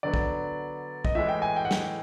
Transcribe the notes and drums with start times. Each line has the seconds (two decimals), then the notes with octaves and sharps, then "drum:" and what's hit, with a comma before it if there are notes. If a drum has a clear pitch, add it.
0.03 D3 F#3 B3 D5
0.14 drum: kick
1.05 D#5, drum: kick
1.15 A2 E3 G#3 E5
1.29 G5
1.42 G#5
1.56 G5
1.65 F#5
1.71 G5, drum: snare